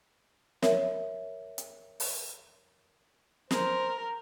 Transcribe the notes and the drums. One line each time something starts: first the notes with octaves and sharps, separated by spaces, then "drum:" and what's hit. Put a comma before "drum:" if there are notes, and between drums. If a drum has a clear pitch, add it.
A#4 C#5 E5, drum: snare
drum: hi-hat
drum: open hi-hat
A#4 C5, drum: snare